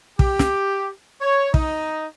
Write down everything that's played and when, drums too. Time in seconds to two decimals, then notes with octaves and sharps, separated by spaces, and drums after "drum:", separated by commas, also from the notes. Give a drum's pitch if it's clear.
0.19 G4, drum: kick
0.39 drum: snare
1.21 C#5
1.54 D#4, drum: kick